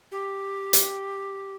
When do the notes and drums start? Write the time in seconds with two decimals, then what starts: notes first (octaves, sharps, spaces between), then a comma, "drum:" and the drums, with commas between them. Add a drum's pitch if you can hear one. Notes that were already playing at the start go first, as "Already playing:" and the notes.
0.12 G4
0.73 drum: hi-hat